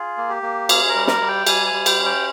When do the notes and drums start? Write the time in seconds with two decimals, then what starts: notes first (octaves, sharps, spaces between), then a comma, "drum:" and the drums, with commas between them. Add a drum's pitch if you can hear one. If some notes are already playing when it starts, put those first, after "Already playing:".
Already playing: F4 G#4
0.17 A#3
0.30 G4
0.42 A#3
0.69 C#4 G#4, drum: cymbal
0.89 A#4
0.96 G3
1.07 A#4, drum: snare
1.21 G3
1.28 G5
1.47 G3 G#5, drum: cymbal
1.66 G#5
1.73 G3
1.86 G5, drum: cymbal
1.99 C#4
2.06 G5